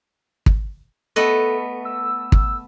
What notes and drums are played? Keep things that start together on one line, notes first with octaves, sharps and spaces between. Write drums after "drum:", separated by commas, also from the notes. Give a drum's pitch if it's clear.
drum: kick
A3 B3 A4 D#5
E6
drum: kick